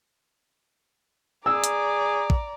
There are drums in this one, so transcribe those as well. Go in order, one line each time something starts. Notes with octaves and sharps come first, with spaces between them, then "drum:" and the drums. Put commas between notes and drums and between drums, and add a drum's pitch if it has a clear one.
G#4 D5 A#5 E6
drum: hi-hat
drum: kick